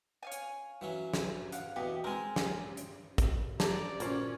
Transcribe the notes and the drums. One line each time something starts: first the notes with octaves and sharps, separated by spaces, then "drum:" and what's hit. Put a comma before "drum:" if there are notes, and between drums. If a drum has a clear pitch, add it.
C#5 F5 G#5
drum: hi-hat
E3 F#3 C#4
drum: snare
F5 F#5, drum: hi-hat
E2 B2 G4 D#5
G#3 C4 A#4 G#5
drum: snare
drum: hi-hat
drum: kick, hi-hat
A4 D5 A#5, drum: snare
A#2 C#4 F4 F#4 C5, drum: hi-hat